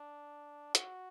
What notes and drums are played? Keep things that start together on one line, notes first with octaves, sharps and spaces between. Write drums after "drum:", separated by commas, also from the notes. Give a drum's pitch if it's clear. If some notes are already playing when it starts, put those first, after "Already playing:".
Already playing: D4
F#4, drum: hi-hat